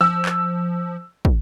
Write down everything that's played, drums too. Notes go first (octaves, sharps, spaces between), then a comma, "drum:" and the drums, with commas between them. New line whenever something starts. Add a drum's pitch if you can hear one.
F3 E6
drum: clap
drum: kick